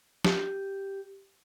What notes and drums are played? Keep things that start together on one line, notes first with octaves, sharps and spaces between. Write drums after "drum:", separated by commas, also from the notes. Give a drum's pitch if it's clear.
G4, drum: snare